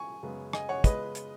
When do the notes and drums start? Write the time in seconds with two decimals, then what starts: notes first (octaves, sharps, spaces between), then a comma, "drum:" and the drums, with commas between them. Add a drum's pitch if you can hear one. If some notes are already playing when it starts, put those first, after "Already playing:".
Already playing: G#5 C#6
0.23 F#2 C#3 G#3 B3
0.53 D#5 G#5, drum: rim click
0.69 C#5 F#5
0.84 C#3 G#3 B3 B4 D#5, drum: kick, hi-hat
1.15 drum: hi-hat